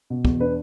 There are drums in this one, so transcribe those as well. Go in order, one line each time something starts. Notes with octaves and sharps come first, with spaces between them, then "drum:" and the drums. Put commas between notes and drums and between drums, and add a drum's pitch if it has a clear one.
B2
E2, drum: kick
D4 B4